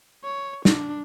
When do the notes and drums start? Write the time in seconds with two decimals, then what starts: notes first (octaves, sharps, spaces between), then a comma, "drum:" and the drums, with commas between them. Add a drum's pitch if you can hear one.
0.24 C#5
0.65 D4, drum: snare